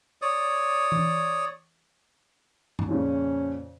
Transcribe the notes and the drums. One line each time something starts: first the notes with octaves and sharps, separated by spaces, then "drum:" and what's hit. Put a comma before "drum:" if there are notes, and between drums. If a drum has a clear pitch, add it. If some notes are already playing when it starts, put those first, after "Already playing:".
C#5 D5 D#6
drum: tom E3
drum: tom G2
F2 A#2 C#3 C#4